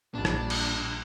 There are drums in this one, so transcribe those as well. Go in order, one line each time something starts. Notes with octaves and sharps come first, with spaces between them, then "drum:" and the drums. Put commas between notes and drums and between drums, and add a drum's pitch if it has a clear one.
A#1 A#2 G3 D4 A5
drum: rim click
drum: cymbal